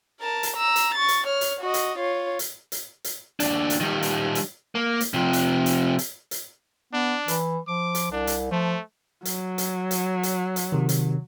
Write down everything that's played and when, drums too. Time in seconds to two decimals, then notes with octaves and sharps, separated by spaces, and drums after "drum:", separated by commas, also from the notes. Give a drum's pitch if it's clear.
0.20 A#4 A5
0.43 drum: hi-hat
0.56 A#5 E6
0.76 drum: hi-hat
0.95 C#6 A6
1.08 drum: hi-hat
1.27 C#5 F6
1.41 drum: hi-hat
1.60 F#4 D#5
1.74 drum: hi-hat
1.98 F4 C#5
2.39 drum: hi-hat
2.72 drum: hi-hat
3.04 drum: hi-hat
3.40 D#2 D4, drum: hi-hat
3.70 drum: hi-hat
3.80 D#3 G3
4.02 drum: hi-hat
4.35 drum: hi-hat
4.75 A#3
5.01 drum: hi-hat
5.14 C3 F3
5.33 drum: hi-hat
5.66 drum: hi-hat
5.99 drum: hi-hat
6.31 drum: hi-hat
6.93 B3 D4
7.28 E3, drum: hi-hat
7.68 F3 D6
7.95 drum: hi-hat
8.12 C2 D4
8.27 drum: hi-hat
8.51 F3 A3
9.25 F#3, drum: hi-hat
9.58 drum: hi-hat
9.91 drum: hi-hat
10.23 drum: hi-hat
10.56 drum: hi-hat
10.72 C3 D#3
10.89 drum: hi-hat